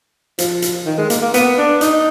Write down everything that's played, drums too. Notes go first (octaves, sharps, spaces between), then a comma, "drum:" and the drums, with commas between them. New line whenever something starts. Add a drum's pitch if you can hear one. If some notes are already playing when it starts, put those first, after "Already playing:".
F3, drum: hi-hat
drum: hi-hat
D#3
G#3
A#3, drum: hi-hat
A#3
B3, drum: hi-hat
D4
D#4, drum: hi-hat